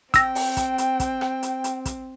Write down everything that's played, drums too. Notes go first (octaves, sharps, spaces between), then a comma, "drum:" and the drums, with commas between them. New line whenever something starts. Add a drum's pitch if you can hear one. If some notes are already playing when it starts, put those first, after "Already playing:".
C4 G5 E6 A#6, drum: kick, hi-hat
drum: open hi-hat
drum: kick, hi-hat
drum: hi-hat
drum: kick, hi-hat
drum: rim click
drum: hi-hat
drum: hi-hat
drum: kick, hi-hat